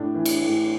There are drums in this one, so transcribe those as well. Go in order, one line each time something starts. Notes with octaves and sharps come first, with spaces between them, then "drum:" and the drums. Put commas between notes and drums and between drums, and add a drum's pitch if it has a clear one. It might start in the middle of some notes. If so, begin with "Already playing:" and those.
Already playing: A2 D4
E3
drum: cymbal
A2